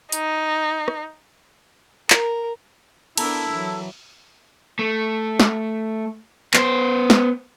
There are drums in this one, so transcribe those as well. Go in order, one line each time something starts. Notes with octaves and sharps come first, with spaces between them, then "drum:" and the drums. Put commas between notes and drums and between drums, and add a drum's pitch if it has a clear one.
D#4, drum: hi-hat
drum: rim click
A#4, drum: clap
B3 D4 E4 A4 A#4 A5 A#5, drum: cymbal
E3 F#3
A3
drum: snare
B3 C5, drum: clap
drum: snare